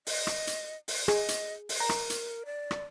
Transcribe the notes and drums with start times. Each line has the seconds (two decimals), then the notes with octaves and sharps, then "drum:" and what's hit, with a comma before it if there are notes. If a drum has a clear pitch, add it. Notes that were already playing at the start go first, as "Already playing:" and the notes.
0.07 D#5, drum: open hi-hat
0.27 drum: rim click
0.47 drum: hi-hat
0.88 drum: open hi-hat
1.08 G#4 D#5, drum: rim click
1.28 drum: hi-hat
1.69 drum: open hi-hat
1.80 A#4 A#5
1.89 drum: rim click
2.10 drum: hi-hat
2.45 D5
2.71 drum: rim click